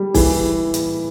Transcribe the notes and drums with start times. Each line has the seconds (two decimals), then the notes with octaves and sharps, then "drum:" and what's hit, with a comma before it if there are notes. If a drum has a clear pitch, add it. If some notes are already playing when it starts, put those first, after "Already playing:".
Already playing: G3
0.14 E3, drum: kick, open hi-hat
0.74 drum: hi-hat